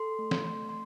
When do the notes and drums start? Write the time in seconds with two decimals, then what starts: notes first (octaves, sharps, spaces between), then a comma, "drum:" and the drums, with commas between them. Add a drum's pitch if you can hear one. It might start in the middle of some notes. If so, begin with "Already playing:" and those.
Already playing: A4 C6
0.19 A3
0.31 C6, drum: snare
0.45 A3
0.69 C6